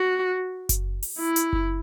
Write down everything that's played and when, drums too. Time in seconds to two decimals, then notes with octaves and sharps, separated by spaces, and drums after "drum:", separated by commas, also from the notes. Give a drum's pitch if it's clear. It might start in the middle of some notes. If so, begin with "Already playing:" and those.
Already playing: F#4
0.69 drum: kick F#1, hi-hat
1.03 drum: open hi-hat
1.19 E4
1.36 drum: hi-hat
1.53 drum: kick F#1